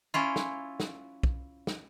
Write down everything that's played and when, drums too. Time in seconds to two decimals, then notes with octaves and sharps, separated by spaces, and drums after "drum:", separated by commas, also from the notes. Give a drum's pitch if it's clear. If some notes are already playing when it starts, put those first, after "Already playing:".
0.14 C#4 E4 F4
0.36 drum: snare
0.80 drum: snare
1.23 drum: kick
1.67 drum: snare